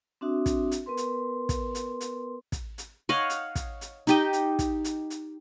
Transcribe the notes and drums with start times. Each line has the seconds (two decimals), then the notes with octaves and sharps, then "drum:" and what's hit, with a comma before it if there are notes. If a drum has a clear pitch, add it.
0.21 C4 D4 F#4 E5 D#6
0.46 drum: kick, hi-hat
0.72 drum: hi-hat
0.86 B3 A#4 B4 C6
0.97 drum: hi-hat
1.49 drum: kick, hi-hat
1.75 drum: hi-hat
2.01 drum: hi-hat
2.52 drum: kick, hi-hat
2.78 drum: hi-hat
3.09 C#5 D#5 F5 F#5
3.30 drum: hi-hat
3.55 drum: kick, hi-hat
3.81 drum: hi-hat
4.07 D#4 G4 D#5, drum: hi-hat
4.33 drum: hi-hat
4.59 drum: kick, hi-hat
4.85 drum: hi-hat
5.10 drum: hi-hat